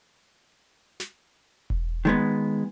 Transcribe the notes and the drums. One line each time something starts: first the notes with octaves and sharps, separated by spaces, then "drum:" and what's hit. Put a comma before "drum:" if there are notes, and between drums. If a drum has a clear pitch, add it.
drum: snare
drum: kick E1
D#3 G#3 B3